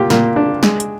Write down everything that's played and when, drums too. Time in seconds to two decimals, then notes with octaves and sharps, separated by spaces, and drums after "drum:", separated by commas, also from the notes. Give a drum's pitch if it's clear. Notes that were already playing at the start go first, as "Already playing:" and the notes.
Already playing: A#2 F4 G4
0.10 A#2, drum: snare
0.36 D4
0.63 G#3, drum: snare
0.80 drum: hi-hat